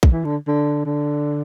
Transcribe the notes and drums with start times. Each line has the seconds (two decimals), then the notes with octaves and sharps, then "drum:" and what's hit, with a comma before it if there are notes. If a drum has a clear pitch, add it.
0.03 drum: kick
0.12 E3
0.25 D3
0.47 D3
0.85 D3